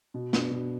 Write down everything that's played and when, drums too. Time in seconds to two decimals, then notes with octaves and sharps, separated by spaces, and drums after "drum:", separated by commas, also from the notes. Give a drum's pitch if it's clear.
0.14 B2
0.33 B3 D4, drum: snare
0.51 B2